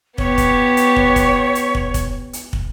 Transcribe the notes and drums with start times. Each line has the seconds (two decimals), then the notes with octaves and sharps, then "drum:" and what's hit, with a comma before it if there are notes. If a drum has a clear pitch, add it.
0.18 B3 G4 C#5, drum: kick
0.38 drum: kick, hi-hat
0.77 drum: hi-hat
0.96 drum: kick
1.16 drum: kick, hi-hat
1.55 drum: hi-hat
1.75 drum: kick
1.94 drum: kick, hi-hat
2.33 drum: hi-hat
2.53 drum: kick